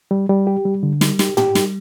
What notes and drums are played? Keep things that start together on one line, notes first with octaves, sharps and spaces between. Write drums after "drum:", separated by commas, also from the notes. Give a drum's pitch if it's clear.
G3
G3
G4
G3
D3
G3, drum: snare
G4, drum: snare
G4, drum: tom
G3, drum: snare